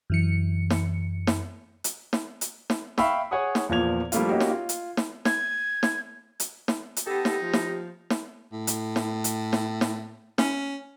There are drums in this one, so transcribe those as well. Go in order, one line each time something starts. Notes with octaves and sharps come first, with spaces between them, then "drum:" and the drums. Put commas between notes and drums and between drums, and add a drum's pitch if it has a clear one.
F#2 E3 C#7
drum: snare
drum: snare
drum: hi-hat
drum: snare
drum: hi-hat
drum: snare
E5 F5 G5 B5 C#6 E6, drum: snare
G#4 C#5 F#5 G#5 D#6
drum: snare
E2 A#2 F3 A#3 G#6 F7
F3 G3 A3 A#3 D4 F4, drum: hi-hat
A#3 C#4 D#4 F#4 G4
drum: snare
F4
drum: hi-hat
drum: snare
G#6, drum: snare
drum: snare
drum: hi-hat
drum: snare
drum: hi-hat
B3 D#4 G4 A4
drum: snare
F3
drum: snare
drum: snare
A2
drum: hi-hat
drum: snare
drum: hi-hat
drum: snare
drum: snare
C#4, drum: snare